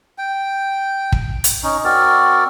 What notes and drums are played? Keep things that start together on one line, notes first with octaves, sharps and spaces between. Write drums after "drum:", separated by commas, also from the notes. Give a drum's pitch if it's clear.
G5
drum: kick
drum: hi-hat
C#4 D#4
C4 F#4 A#4 D5